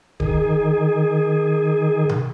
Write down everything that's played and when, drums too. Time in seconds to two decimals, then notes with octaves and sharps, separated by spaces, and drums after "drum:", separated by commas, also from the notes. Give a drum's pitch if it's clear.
0.20 D#3 G#4, drum: kick E1
2.09 drum: tom B2